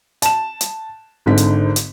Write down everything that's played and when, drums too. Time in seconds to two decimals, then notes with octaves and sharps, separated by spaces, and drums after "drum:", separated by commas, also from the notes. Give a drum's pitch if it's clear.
0.22 A5 E7, drum: hi-hat
0.61 drum: hi-hat
1.26 G#1 G#2 D3 B6
1.38 drum: hi-hat
1.76 drum: hi-hat